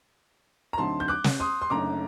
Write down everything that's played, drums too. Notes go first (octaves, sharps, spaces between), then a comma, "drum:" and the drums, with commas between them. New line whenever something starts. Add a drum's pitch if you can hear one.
A#5
D2 D3 F#3 C4 D#4 A5 C6
G6
D6 F#6
drum: snare
C6 D#6
C6
F#1 F#2 D3 A3 D#4 A#5 D6